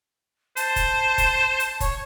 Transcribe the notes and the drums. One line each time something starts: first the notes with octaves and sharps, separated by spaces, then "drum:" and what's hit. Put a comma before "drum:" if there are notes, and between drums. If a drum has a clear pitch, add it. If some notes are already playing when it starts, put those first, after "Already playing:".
C5 A5, drum: hi-hat
drum: kick, hi-hat
drum: kick, hi-hat
drum: hi-hat
C#5, drum: kick, hi-hat